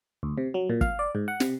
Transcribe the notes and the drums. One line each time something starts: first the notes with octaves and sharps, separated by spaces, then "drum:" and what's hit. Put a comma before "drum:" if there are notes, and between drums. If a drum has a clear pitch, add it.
D2
C3
F#3
A#2
F5, drum: kick
D5
G#2
F#5
C3, drum: snare